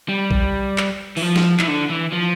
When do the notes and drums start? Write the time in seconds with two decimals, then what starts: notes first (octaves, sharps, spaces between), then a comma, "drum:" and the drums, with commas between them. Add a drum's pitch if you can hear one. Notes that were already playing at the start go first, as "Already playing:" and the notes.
0.09 G3
0.31 drum: kick
0.78 drum: clap
1.17 E3, drum: open hi-hat
1.21 F3
1.36 drum: snare
1.59 E3, drum: clap
1.67 D3
1.89 E3
2.12 F3